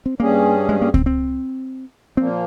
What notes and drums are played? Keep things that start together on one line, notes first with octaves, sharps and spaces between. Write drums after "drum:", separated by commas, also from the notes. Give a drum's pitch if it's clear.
C4
G2 G3 A#3 C#4 G#4
G#3
A#3
C4, drum: kick C#2
C4
A#2 F3 A#3 C4